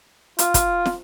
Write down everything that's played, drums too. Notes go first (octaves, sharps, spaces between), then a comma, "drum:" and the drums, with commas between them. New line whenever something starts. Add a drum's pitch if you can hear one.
F4, drum: hi-hat
drum: kick, hi-hat
drum: snare